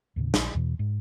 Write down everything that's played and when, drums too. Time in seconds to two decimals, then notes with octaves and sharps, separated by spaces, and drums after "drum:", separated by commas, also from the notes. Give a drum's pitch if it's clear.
0.16 D#2 A2 C#3
0.34 A#1, drum: snare
0.55 E2 B2 E3
0.79 G#2